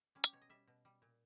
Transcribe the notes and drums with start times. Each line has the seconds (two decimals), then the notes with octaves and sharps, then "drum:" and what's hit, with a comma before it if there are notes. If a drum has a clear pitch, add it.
0.15 G3 C#4
0.24 G4, drum: hi-hat
0.33 B2 C#5
0.41 D#5
0.49 G3 E5
0.67 B2
0.85 G3
1.02 A#2